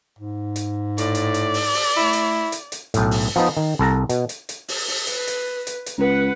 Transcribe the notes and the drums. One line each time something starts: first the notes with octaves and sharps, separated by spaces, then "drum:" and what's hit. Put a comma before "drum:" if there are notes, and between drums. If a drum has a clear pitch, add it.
G#2
drum: hi-hat
A2 D5, drum: hi-hat
drum: hi-hat
drum: hi-hat
drum: open hi-hat
drum: open hi-hat
A3 E4
drum: hi-hat
drum: hi-hat
drum: hi-hat
B1 A2, drum: hi-hat
drum: open hi-hat
F3 B3 D#4
D#3
C2 A4 A#5
B2, drum: hi-hat
drum: hi-hat
drum: hi-hat
drum: open hi-hat
drum: open hi-hat
B4, drum: hi-hat
drum: hi-hat
drum: hi-hat
drum: hi-hat
C#2 B4 F#5